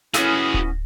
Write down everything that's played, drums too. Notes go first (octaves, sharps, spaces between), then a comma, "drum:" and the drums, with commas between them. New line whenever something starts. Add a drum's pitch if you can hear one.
A3 B3 C#4 E4 F#4 G#4, drum: snare
drum: kick D1